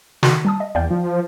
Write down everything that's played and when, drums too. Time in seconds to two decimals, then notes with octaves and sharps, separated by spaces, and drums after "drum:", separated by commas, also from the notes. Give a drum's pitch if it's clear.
0.23 D#3 F#4, drum: snare
0.45 G3 A5 D#6
0.60 D#5
0.75 E2 D5 F5 G5
0.91 F3